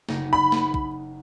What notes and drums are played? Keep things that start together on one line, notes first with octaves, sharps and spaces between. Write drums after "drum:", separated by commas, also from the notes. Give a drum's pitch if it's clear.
F#1 D#4, drum: snare
B5
drum: snare
drum: kick A#1